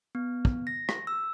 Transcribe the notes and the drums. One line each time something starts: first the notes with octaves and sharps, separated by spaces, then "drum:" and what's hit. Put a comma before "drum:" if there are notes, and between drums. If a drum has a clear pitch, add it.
B3
drum: kick
A#6
drum: rim click
E6